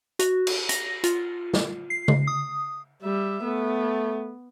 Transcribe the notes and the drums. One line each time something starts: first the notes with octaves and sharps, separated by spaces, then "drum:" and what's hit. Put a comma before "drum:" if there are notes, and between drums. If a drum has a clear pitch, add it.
F#4, drum: hi-hat
drum: cymbal
A#6, drum: hi-hat
F4, drum: hi-hat
drum: snare
C7
drum: tom C#3
D#6
G3 E5
A3 B3